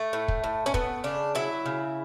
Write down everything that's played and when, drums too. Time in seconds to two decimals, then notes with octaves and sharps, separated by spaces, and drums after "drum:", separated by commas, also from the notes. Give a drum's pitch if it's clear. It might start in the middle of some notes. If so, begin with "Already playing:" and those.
Already playing: A3
0.13 A2
0.28 drum: kick
0.44 A2
0.66 C#4
0.74 A3 B3, drum: kick
1.04 C#3 D4
1.35 F#3 E4
1.66 C#3